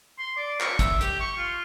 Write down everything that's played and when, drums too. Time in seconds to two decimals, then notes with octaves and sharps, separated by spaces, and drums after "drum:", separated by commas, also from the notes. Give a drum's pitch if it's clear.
0.19 C6
0.37 D5
0.61 C#6, drum: clap
0.79 E5, drum: kick, hi-hat
1.01 G4, drum: hi-hat
1.21 C#6
1.37 F4